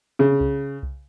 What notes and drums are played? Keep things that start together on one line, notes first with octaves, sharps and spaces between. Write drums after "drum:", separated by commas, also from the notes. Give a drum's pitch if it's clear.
C#3
drum: kick C2
drum: kick C2